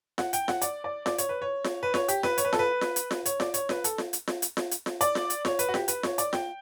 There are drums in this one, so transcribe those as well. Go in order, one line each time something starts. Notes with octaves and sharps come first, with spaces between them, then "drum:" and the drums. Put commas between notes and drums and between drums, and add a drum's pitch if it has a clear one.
F#5, drum: snare F4
G5, drum: hi-hat
F#5, drum: snare F4
D5, drum: hi-hat
D5
D5, drum: snare F4
C#5, drum: hi-hat
B4
C#5
drum: snare F4
B4
C#5, drum: snare F4
G4, drum: hi-hat
B4, drum: snare F4
C#5, drum: hi-hat
B4
A4, drum: snare F4
B4
drum: snare F4
drum: hi-hat
drum: snare F4
C#5, drum: hi-hat
D5, drum: snare F4
C#5, drum: hi-hat
B4, drum: snare F4
A4, drum: hi-hat
drum: snare F4
drum: hi-hat
drum: snare F4
drum: hi-hat
drum: snare F4
drum: hi-hat
drum: snare F4
D5, drum: hi-hat
drum: snare F4
drum: hi-hat
C#5, drum: snare F4
B4, drum: hi-hat
F#4
G4, drum: snare F4
B4, drum: hi-hat
C#5, drum: snare F4
D5, drum: hi-hat
G5, drum: snare F4